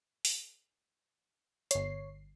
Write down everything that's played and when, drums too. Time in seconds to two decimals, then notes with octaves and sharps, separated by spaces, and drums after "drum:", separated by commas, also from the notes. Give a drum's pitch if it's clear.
0.25 drum: open hi-hat
1.71 G1 C#5 C7, drum: hi-hat